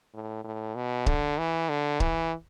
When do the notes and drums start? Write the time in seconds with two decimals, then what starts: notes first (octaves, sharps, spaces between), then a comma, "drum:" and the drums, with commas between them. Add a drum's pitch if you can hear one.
0.14 A2
0.44 A2
0.75 B2
1.06 D3, drum: kick C#1
1.38 E3
1.69 D3
2.00 E3, drum: kick C#1